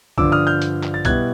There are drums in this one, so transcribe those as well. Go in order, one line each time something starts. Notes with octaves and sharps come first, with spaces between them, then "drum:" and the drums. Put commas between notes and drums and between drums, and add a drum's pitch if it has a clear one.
G2 D3 F3 D6 E6, drum: kick B1
D#6 F6
F6 G6
drum: hi-hat
drum: clap
A6
B2 G3 B3 E4 F#6 G#6, drum: kick B1, hi-hat